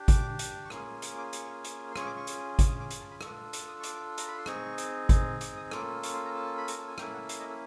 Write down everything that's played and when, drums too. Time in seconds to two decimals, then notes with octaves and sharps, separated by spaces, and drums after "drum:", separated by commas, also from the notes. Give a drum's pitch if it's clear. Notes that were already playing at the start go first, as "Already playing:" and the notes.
Already playing: D4 G4
0.08 D6, drum: kick G#1, hi-hat
0.39 drum: hi-hat
0.65 C#6
0.70 A#3 C#4 F4 G#4 C6, drum: rim click
1.02 C#6, drum: hi-hat
1.18 D6
1.33 C#6, drum: hi-hat
1.64 drum: hi-hat
1.91 C6
1.96 C#4 F4 G#4 C#6, drum: rim click
2.06 D6
2.17 C#6
2.27 drum: hi-hat
2.59 D6, drum: kick G#1, hi-hat
2.68 D#6
2.80 D6
2.90 G#5, drum: hi-hat
3.01 A5
3.11 B5
3.21 D4 F4 A4 C#6, drum: rim click
3.53 D6, drum: hi-hat
3.68 D#6
3.80 C#6
3.83 D6, drum: hi-hat
4.18 A#5, drum: hi-hat
4.27 B5
4.37 C6
4.46 C4 D#4 G#4 C#6, drum: rim click
4.78 drum: hi-hat
5.09 drum: kick G#1, hi-hat
5.41 D6, drum: hi-hat
5.56 D#6
5.71 A#3 C#4 F4 A4 D6, drum: rim click
6.03 C#6, drum: hi-hat
6.14 C6
6.25 A#5
6.35 A5
6.57 B5
6.68 A#5, drum: hi-hat
6.78 A5
6.87 G#5
6.98 A#3 C#4 E4 A4 G5, drum: rim click
7.13 F#5
7.29 F5, drum: hi-hat
7.39 D#5
7.49 A4